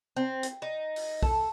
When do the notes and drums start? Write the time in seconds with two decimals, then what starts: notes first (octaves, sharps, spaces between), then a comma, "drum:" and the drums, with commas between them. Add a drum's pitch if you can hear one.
0.16 C4
0.43 drum: hi-hat
0.62 D#4
0.96 drum: open hi-hat
1.23 A4, drum: kick B1